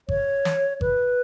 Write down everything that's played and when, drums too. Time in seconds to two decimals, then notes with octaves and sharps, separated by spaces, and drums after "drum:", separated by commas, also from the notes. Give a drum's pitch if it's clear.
0.09 C#5, drum: kick G#1
0.45 drum: snare
0.81 B4, drum: kick G#1